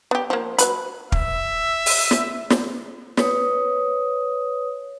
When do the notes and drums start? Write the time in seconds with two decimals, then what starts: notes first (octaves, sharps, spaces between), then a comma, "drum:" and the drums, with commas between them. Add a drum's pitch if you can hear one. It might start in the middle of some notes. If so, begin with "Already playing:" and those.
0.11 B3 G4
0.30 F3 A#3
0.58 F#3 B4 B5, drum: hi-hat
1.12 E5, drum: kick
1.86 drum: open hi-hat
2.11 drum: snare
2.50 drum: snare
3.17 B4 C#5 D#6, drum: snare